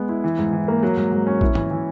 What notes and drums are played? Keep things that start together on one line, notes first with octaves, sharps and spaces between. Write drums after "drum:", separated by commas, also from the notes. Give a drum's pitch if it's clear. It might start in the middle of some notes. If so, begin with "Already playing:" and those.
Already playing: G#3 B3
E4
E3
G#2
E3
A#3
F#3
G#2
G#2
C#4
E4, drum: kick A#1
E3, drum: tom G#2
E3